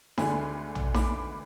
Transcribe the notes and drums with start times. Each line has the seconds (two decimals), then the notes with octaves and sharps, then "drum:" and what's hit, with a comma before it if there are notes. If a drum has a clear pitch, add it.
0.18 D2 D3 G#3 G#5 B5, drum: snare D#4
0.75 drum: tom
0.94 B5 D6, drum: snare D#4